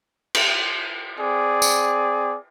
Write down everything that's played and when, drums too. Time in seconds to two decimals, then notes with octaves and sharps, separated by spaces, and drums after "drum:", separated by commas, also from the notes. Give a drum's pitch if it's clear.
0.34 drum: cymbal
1.18 C4 G#4 D5
1.62 drum: tambourine